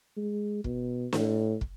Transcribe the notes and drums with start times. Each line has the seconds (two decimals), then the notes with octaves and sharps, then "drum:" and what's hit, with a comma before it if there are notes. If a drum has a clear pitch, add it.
0.17 G#3
0.64 B2, drum: kick
1.13 A2, drum: snare
1.61 drum: kick